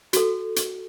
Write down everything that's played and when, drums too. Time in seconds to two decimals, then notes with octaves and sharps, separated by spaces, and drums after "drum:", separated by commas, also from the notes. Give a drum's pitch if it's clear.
0.13 F#4 A4, drum: hi-hat
0.56 drum: hi-hat